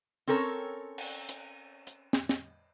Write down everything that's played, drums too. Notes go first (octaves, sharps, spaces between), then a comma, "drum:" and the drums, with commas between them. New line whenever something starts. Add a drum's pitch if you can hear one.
C4 C#4 A4 A#4 C#5
drum: cymbal
drum: hi-hat
drum: hi-hat
drum: snare
drum: snare